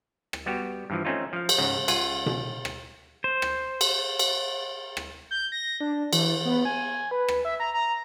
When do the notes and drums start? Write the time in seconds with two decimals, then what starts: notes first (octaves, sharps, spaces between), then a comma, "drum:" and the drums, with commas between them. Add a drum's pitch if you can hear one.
0.33 drum: rim click
0.46 G3 B3 F#4 G4
0.90 G2 E3 F3
1.05 A3 C4 C#4 D#4 F4
1.33 F3 F5
1.49 drum: cymbal
1.58 C#2 G#2 C#3 F#5
1.88 C#2 F4 F#5 G#5, drum: cymbal
2.26 drum: tom B2
2.65 drum: rim click
3.24 C5
3.42 drum: rim click
3.81 drum: cymbal
4.19 drum: cymbal
4.97 drum: rim click
5.31 G6
5.52 A#6
5.81 D4
6.13 E3, drum: cymbal
6.45 B3
6.65 G#5
7.11 B4
7.28 drum: rim click
7.45 E5
7.60 A#5
7.74 A#5